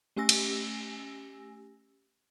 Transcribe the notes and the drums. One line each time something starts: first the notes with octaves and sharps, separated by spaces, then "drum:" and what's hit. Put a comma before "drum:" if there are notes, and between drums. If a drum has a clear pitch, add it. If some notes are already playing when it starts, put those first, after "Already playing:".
A3 C#4 G4 G#5 E6 A#6
drum: cymbal